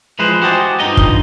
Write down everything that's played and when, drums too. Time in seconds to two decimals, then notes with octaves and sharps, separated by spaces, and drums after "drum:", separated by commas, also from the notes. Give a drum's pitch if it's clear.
0.19 E3 F3 G#3 G#4 B4 C5
0.42 F#4 G4 C5 D#5 G#5 A5
0.79 G2 D#4 F4 D#5
0.97 drum: kick